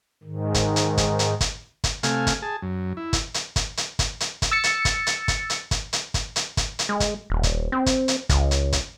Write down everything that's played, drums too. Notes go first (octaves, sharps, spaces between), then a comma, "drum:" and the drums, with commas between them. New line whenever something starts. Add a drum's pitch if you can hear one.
G#2 D#3
drum: kick, hi-hat
drum: hi-hat
drum: kick, hi-hat
drum: hi-hat
drum: kick, hi-hat
drum: kick, hi-hat
C3 A3 F5 G#5, drum: hi-hat
drum: kick, hi-hat
G#4 A5
F#2
E4
drum: kick, hi-hat
drum: hi-hat
drum: kick, hi-hat
drum: hi-hat
drum: kick, hi-hat
drum: hi-hat
drum: kick, hi-hat
E6 A6 C#7
drum: hi-hat
drum: kick, hi-hat
drum: hi-hat
drum: kick, hi-hat
drum: hi-hat
drum: kick, hi-hat
drum: hi-hat
drum: kick, hi-hat
drum: hi-hat
drum: kick, hi-hat
drum: hi-hat
G#3
drum: kick, hi-hat
D#1
drum: kick, hi-hat
C4
drum: kick, hi-hat
drum: hi-hat
C#2, drum: kick, hi-hat
drum: hi-hat
drum: kick, hi-hat